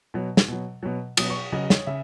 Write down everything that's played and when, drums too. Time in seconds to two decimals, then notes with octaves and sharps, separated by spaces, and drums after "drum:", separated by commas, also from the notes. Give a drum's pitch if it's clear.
0.14 B2 F#3
0.37 drum: snare
0.48 B2 F#3
0.83 B2 F#3
1.17 B2 F#3 D#6, drum: cymbal
1.30 C#6
1.52 C#3 F#3 D#5
1.70 C#5, drum: snare
1.87 C#3 E5